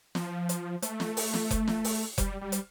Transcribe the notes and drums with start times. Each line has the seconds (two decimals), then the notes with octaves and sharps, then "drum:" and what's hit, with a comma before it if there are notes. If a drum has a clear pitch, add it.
0.15 F3, drum: snare
0.49 drum: hi-hat
0.82 A3, drum: hi-hat
1.00 drum: snare
1.17 drum: open hi-hat
1.34 drum: snare
1.51 drum: kick F1, hi-hat
1.67 drum: snare
1.84 drum: open hi-hat
2.18 G3, drum: kick F1, hi-hat
2.41 G3
2.52 drum: hi-hat